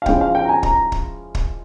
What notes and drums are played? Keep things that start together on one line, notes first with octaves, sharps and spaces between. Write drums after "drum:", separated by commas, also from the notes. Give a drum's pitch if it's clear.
F5
F3 G#3 C#4 E4 G5, drum: kick
F5
G5
A#5
G#5
A#5, drum: kick
drum: kick
drum: kick